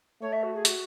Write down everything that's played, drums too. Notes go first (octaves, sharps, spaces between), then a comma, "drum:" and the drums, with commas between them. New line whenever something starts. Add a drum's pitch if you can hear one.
A3 C#5
E5
F#4
G#4
F#4, drum: hi-hat